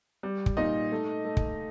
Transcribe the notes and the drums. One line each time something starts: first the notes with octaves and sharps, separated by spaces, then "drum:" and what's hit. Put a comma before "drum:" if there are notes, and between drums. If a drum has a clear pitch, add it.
G3
drum: kick
A#2 D#4 D#5
A3
A3
drum: kick